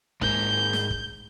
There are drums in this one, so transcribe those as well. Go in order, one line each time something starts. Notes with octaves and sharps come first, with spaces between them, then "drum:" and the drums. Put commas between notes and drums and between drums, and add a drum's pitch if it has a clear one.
G#2 A#3 G6, drum: kick
drum: snare
drum: kick